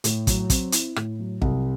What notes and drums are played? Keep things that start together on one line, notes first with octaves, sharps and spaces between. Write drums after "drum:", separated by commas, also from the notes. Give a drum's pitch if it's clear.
A2, drum: hi-hat
F#3, drum: kick, hi-hat
C4, drum: kick, hi-hat
E4, drum: hi-hat
A2, drum: rim click
F#3
C2, drum: kick